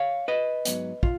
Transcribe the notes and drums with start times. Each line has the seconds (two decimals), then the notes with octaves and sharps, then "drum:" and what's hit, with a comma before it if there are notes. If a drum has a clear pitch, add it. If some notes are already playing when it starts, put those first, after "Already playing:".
Already playing: C#5 F5
0.28 B4 D#5
0.65 G#2 F#3 B3, drum: hi-hat
1.03 F4, drum: kick